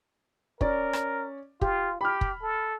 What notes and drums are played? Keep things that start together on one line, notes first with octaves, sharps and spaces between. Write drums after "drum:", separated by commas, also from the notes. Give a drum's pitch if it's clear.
C#4 A#4 D5, drum: kick
drum: rim click
F4 G4, drum: kick
G4 B5 F6
drum: kick
A4